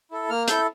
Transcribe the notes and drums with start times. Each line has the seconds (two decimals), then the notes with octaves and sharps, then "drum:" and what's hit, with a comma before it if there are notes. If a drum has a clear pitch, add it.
0.11 E4 A4
0.30 A#3 F6
0.48 E4 A4 G6, drum: hi-hat